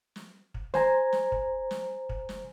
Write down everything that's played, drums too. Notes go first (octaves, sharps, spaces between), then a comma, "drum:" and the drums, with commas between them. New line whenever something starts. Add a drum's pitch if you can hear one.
drum: snare
drum: kick
C5 G#5 A#5, drum: snare
drum: snare
drum: kick
drum: snare
drum: kick
drum: snare